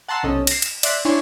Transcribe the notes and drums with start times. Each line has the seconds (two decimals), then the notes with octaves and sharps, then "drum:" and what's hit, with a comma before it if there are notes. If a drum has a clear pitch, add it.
0.08 F#5 A5 A#5 C6 E6 F#6
0.23 B1 C3 C#4 A4 D#5
0.47 A#6 C7, drum: cymbal
0.62 E7, drum: cymbal
0.83 D5 E5 C6 F#6 B6, drum: cymbal
1.05 D4 E4 C#5 G#5 C6 C#6